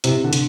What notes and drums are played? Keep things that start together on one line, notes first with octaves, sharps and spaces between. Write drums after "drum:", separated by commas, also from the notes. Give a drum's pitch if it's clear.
C3 E4, drum: hi-hat
D3
C3, drum: hi-hat